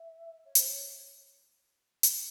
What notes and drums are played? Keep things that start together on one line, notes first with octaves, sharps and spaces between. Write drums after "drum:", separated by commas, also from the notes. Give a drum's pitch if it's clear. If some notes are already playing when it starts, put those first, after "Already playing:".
Already playing: E5
C#5
C5, drum: hi-hat
C#5
drum: hi-hat